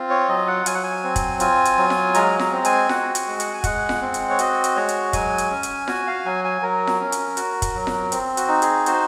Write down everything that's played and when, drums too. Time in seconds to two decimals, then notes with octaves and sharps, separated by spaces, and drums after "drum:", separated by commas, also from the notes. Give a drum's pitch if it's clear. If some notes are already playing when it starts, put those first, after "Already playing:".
Already playing: C4 F4
0.10 C#5
0.28 F#3 D#5
0.48 F#5
0.66 F#3 G#5, drum: hi-hat
0.75 F#5
0.83 G#5
1.04 C4
1.16 drum: kick, hi-hat
1.40 F4 G#5, drum: hi-hat
1.65 drum: hi-hat
1.78 F#3
1.90 drum: snare F4
2.14 G#3 A#5, drum: hi-hat
2.39 A#5, drum: snare F4
2.52 C4
2.65 G#5, drum: hi-hat
2.89 F#4 F#5, drum: snare F4
3.15 F#5, drum: hi-hat
3.27 G#3
3.40 F#5, drum: hi-hat
3.54 G#5
3.64 G#3 F#5, drum: kick, hi-hat
3.89 drum: snare F4
4.01 C4
4.14 drum: hi-hat
4.30 C#5
4.39 F#4 D#5, drum: hi-hat
4.64 drum: hi-hat
4.76 G#3 C#5
4.89 drum: hi-hat
5.13 F#3 G#5, drum: kick, hi-hat
5.38 drum: hi-hat
5.51 C#4
5.63 drum: hi-hat
5.88 F#4 G#5, drum: snare F4
6.07 F5
6.25 F#3 G#5
6.44 G#5
6.62 F#3 A#4
6.87 drum: snare F4
7.00 C#4
7.12 drum: hi-hat
7.37 F#4, drum: hi-hat
7.62 drum: kick, hi-hat
7.75 F#3
7.87 drum: snare F4
8.12 C4, drum: hi-hat
8.37 F#4, drum: hi-hat
8.48 D#4
8.62 G#4, drum: hi-hat
8.86 F#4 C5, drum: hi-hat